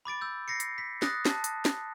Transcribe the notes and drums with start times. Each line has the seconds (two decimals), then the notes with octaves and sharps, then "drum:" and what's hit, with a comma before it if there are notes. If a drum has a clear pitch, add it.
0.05 B5 D6 A6 D7
0.21 E6 G6
0.48 A#6 C7 C#7
0.60 drum: hi-hat
0.78 B6
1.02 D#6 F#6 A6 A#6, drum: snare
1.25 A5, drum: snare
1.44 drum: hi-hat
1.65 drum: snare